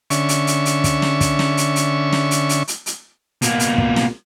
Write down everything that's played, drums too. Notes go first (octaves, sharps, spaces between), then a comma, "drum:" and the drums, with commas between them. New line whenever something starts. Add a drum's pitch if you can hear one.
D3 C#4 E5 C#6, drum: hi-hat
drum: hi-hat
drum: hi-hat
drum: hi-hat
drum: kick, hi-hat
drum: snare
drum: kick, hi-hat
drum: snare
drum: hi-hat
drum: hi-hat
drum: snare
drum: hi-hat
drum: hi-hat
drum: hi-hat
drum: hi-hat
B2 A#3, drum: hi-hat
drum: hi-hat
drum: kick
drum: snare